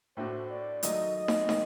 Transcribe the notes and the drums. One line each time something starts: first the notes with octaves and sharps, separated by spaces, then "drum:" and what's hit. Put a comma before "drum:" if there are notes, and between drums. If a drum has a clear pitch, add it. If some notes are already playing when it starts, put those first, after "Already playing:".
A2 A3 D4 F#4 C5
D5
D#3 F#3 A3 D#5, drum: hi-hat
D#5
drum: snare
D#3 G3 A#3, drum: snare